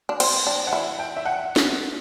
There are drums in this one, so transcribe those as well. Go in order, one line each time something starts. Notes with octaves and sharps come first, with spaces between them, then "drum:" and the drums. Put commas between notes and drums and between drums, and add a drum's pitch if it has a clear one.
D4
C4 C5, drum: cymbal
D4 D5
F#5
E4 E5
G5
E5
F#5
drum: snare